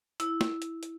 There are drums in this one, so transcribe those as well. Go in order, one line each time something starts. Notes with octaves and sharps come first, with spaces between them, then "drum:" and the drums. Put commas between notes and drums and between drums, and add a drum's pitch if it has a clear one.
E4, drum: hi-hat
drum: snare
drum: hi-hat
drum: hi-hat